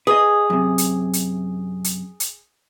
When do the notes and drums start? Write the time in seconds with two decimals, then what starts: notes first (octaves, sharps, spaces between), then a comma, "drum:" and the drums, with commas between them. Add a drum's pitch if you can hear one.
0.07 G#4 B4 D#5
0.50 F#2 C3
0.78 drum: hi-hat
1.13 drum: hi-hat
1.84 drum: hi-hat
2.20 drum: hi-hat